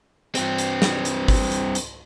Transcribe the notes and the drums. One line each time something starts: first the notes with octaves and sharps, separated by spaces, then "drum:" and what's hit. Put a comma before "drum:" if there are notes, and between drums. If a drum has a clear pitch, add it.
G2 C4, drum: hi-hat
drum: hi-hat
drum: snare
drum: hi-hat
drum: kick, open hi-hat
drum: hi-hat
drum: hi-hat